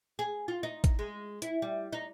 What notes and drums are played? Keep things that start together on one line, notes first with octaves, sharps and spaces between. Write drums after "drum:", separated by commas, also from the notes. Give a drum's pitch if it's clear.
G#4
F4
D#4
drum: kick, hi-hat
G#3
E4, drum: hi-hat
G3
D#4